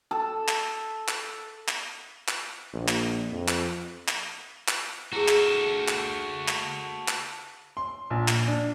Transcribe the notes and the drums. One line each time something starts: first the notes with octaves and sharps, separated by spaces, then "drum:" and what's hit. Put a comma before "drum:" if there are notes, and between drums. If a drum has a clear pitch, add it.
A4
drum: clap
drum: clap
drum: clap
drum: clap
A#1
drum: clap
F2
drum: clap
drum: clap
drum: clap
E4 F#4 G#4 A4
drum: clap
drum: clap
drum: clap
drum: clap
C6
A#1
drum: clap
D4